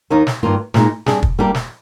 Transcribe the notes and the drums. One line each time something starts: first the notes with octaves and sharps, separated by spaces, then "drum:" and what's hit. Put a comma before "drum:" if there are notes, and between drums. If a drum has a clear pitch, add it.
D#2 D#3 A#3 D#4
drum: snare
G2 D#3 A#3 F4
A#2 G#3 D#4, drum: snare
G3 D4 G#4, drum: snare
drum: kick
G3 A#3 D4 G4 A#4
drum: snare